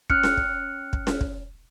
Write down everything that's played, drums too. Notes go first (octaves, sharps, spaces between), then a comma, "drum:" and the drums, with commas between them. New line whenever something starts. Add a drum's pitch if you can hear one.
C#4 F6 F#6 C#7, drum: kick
drum: snare C#4
drum: kick
drum: kick
drum: snare C#4
drum: kick